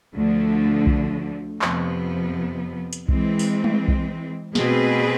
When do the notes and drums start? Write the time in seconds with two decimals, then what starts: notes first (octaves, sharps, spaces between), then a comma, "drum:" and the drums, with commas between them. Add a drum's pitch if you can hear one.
0.15 D2 D3 F3 A3
0.87 drum: kick B1
1.62 F2 C3 F3 B3, drum: clap
2.93 drum: hi-hat
3.09 E3 G#3 C4, drum: kick B1
3.39 drum: open hi-hat
3.64 drum: tom G#3
3.88 drum: kick B1
4.55 B2 A3 C4 G#4 B4, drum: snare